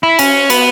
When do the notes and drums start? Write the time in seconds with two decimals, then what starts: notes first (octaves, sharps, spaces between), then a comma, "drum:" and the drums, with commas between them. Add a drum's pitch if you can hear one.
0.03 E4
0.19 C#4, drum: cymbal
0.50 B3, drum: cymbal